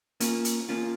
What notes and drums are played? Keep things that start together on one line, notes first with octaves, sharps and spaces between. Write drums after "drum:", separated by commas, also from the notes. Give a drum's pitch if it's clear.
A#3 C#4 F4, drum: hi-hat
drum: hi-hat
A#3 C#4 F4